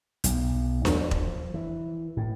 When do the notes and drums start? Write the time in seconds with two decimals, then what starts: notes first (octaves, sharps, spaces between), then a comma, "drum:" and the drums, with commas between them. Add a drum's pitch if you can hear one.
0.24 B1, drum: hi-hat
0.85 E2, drum: snare D4
1.01 F3
1.11 drum: kick E1
1.54 E3
2.17 A2